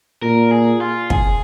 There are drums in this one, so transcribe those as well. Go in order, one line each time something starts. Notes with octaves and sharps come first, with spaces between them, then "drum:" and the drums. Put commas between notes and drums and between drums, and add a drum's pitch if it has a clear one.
A#2 A#4
G#4
F4
G#4, drum: kick